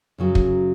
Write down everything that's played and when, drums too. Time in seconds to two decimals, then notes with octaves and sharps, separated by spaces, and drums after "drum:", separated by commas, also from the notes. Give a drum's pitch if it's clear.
0.18 F#2 C#3 F#3
0.35 drum: kick